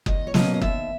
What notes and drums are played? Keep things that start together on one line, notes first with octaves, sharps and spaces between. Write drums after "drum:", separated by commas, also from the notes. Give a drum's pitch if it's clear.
E2 D#5, drum: kick F#1
C#5
B2 F#3 A#3 C#4 D#5, drum: snare
D#5
D#2 E5, drum: kick F#1